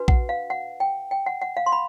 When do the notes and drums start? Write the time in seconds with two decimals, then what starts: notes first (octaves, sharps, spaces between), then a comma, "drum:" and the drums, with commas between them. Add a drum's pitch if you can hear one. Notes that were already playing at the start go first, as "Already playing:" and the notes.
Already playing: D4 F#4 B4
0.08 F#5, drum: kick A#1
0.29 F5
0.50 F#5
0.80 G5
1.11 G5
1.26 F#5
1.41 F#5
1.57 F5
1.66 C6
1.72 B5